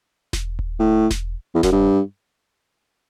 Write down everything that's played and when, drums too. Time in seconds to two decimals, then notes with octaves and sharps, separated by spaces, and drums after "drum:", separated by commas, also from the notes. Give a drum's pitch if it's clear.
0.33 drum: snare E1
0.59 drum: kick D#1
0.79 A2
1.11 drum: snare E1
1.55 E2
1.63 F#2, drum: snare E1
1.72 G2